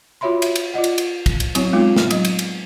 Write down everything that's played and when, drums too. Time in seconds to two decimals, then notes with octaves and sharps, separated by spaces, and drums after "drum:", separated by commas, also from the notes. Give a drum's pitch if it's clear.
0.21 F4 F#4 C#5 E5 B5 C6
0.42 E5, drum: cymbal
0.56 drum: cymbal
0.74 F4 D5 D#5 F#5
0.84 drum: cymbal
0.98 drum: cymbal
1.26 drum: kick, cymbal
1.40 drum: cymbal
1.55 F#3 C4 E4 F#4 C#5, drum: cymbal
1.73 G#3 B3 C4 D#4 F4
1.96 drum: snare
2.11 F#3 D#5, drum: cymbal
2.25 drum: cymbal
2.39 drum: cymbal